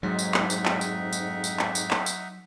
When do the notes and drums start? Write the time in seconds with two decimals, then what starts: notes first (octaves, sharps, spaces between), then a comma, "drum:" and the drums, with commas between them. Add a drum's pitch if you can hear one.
0.03 F2 G#2 F#3 D#4 E5 F#5
0.19 drum: tambourine
0.34 drum: clap
0.50 drum: tambourine
0.66 drum: clap
0.81 drum: tambourine
1.12 drum: tambourine
1.44 drum: tambourine
1.59 drum: clap
1.75 drum: tambourine
1.91 drum: clap
2.06 drum: tambourine